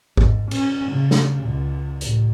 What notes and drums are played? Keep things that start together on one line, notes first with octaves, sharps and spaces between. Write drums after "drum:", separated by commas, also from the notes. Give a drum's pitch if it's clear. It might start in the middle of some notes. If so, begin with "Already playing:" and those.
G#2, drum: kick G#1
C#4, drum: cymbal
C#3
drum: snare
C#2
A1, drum: hi-hat